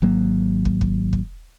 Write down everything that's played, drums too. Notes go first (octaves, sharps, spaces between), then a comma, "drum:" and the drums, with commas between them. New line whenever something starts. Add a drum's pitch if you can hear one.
G#1 F#3 A#3
drum: kick
drum: kick
drum: kick